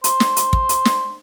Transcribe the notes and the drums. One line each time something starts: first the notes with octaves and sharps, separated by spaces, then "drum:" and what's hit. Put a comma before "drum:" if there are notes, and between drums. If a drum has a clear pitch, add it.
C5, drum: hi-hat
drum: snare
drum: hi-hat
drum: kick
drum: hi-hat
drum: snare